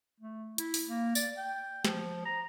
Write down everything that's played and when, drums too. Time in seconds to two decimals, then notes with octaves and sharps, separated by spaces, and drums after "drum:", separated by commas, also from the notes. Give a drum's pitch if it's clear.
0.20 A3
0.58 E4, drum: hi-hat
0.74 drum: open hi-hat
0.88 A#3
1.15 D5, drum: tambourine
1.37 G5
1.85 F3, drum: snare
2.25 A#5